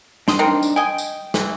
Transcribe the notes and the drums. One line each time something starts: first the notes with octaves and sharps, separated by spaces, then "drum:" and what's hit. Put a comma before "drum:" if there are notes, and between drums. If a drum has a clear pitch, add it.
D4 C6 D#6, drum: snare
C4 D4 D#4 A#4
drum: tambourine
D#5 G5 G#5
drum: tambourine
E3, drum: snare